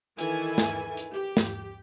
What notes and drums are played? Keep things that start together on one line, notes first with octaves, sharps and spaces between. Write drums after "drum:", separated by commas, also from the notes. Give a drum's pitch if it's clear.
D#3 E3 E4 A4 G#5, drum: hi-hat
drum: snare
drum: hi-hat
G4
drum: snare